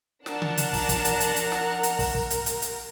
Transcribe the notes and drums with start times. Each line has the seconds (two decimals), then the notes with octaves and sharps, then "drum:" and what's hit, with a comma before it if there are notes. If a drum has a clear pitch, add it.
0.26 F3 D4 A#4 F#5 A5 A#5, drum: snare
0.42 drum: tom C#3
0.57 drum: hi-hat
0.73 drum: kick, open hi-hat
0.89 drum: kick, hi-hat
1.05 drum: hi-hat
1.20 drum: hi-hat
1.36 drum: hi-hat
1.52 drum: snare
1.83 drum: hi-hat
1.99 drum: kick, open hi-hat
2.15 drum: kick
2.30 drum: hi-hat
2.46 drum: hi-hat
2.62 drum: hi-hat